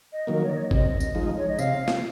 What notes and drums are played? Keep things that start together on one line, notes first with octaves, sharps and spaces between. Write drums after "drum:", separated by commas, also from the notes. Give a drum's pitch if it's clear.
D#5
D#3 F#3 A#3
C#5
D#5
C#5
C3 D#5, drum: kick G#1
drum: tambourine
F3 G#3 D#4
C#5
D#5
C3 F5, drum: tambourine
drum: snare